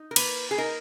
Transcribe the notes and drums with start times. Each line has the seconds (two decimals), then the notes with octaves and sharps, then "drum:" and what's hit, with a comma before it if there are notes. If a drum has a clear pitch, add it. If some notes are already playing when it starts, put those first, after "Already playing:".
Already playing: D#4
0.11 A#4
0.16 A#3 B4, drum: cymbal
0.51 G#4
0.58 D#4 A#4